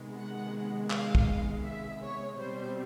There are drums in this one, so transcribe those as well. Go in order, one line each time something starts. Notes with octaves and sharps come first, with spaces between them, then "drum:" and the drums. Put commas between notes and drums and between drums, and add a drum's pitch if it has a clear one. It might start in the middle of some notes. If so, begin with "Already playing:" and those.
Already playing: C3 D#3 G#3 B3
F#5
F5, drum: clap
drum: kick
E5
C#5
B2 G3 C4 C5